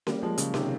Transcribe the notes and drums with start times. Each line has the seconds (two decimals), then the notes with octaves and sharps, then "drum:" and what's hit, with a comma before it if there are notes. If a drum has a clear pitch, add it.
0.07 G3 A#3, drum: snare C#4
0.22 F3 G#3
0.38 C#3 F3, drum: hi-hat
0.54 C3 D#3, drum: snare C#4